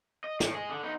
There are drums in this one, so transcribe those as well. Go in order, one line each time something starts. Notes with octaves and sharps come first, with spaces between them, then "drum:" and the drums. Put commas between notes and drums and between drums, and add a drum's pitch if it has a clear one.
D#5
A2, drum: snare
G#4 D#5
D3
B3 D#4